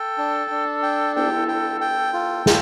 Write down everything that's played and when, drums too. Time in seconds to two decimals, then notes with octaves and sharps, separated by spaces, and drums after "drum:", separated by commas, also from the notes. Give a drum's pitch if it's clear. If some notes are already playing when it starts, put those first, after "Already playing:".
Already playing: A4 G5
0.18 D4
0.51 D4
0.83 G5
1.16 G5, drum: cymbal
1.48 G5
1.81 G5
2.13 F4 A4
2.46 F4, drum: snare